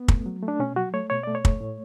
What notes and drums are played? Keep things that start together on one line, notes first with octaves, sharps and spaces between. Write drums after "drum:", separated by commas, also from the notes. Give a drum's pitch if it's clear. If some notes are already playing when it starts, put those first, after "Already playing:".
Already playing: B3
A3, drum: kick
F#3
A3
D4
B2 C#4
F#3 F#4
A3 C#5
B2 C#5
A3 D5
C#5
A3, drum: kick
A2